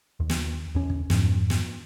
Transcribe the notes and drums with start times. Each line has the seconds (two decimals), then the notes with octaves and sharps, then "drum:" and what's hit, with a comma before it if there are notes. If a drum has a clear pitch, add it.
0.20 D#2
0.30 drum: snare
0.75 E2 C#4
0.90 drum: kick
1.10 F2 G#2 F3, drum: snare
1.50 drum: snare